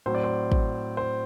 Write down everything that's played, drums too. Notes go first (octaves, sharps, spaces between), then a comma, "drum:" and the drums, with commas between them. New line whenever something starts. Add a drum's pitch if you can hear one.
A2 F#3 C4 C5
D5
C5
drum: kick
C5